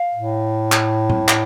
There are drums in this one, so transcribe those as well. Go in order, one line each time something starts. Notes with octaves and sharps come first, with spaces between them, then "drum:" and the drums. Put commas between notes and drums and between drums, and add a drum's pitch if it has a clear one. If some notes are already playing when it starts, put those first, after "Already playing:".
Already playing: F5
A2
drum: clap
drum: tom A2
drum: clap